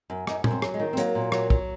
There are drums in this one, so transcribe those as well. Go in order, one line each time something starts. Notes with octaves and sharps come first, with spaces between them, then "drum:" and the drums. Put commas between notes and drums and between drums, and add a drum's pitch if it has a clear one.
F#2
F#2 D#4, drum: rim click
F#2, drum: tom
C4
F#3, drum: rim click
G#3
D#3
C4
F#3 A#3, drum: hi-hat
A#2
F#3, drum: rim click
F#3, drum: kick